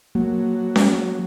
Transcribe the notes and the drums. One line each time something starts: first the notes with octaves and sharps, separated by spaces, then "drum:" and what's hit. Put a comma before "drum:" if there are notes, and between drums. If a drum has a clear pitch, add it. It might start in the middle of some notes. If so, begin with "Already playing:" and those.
F#3 A#3
drum: snare C#4